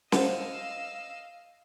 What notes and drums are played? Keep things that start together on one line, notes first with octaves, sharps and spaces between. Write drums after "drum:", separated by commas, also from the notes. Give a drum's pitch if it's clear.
C5 D#5 F5 F#5 E6, drum: snare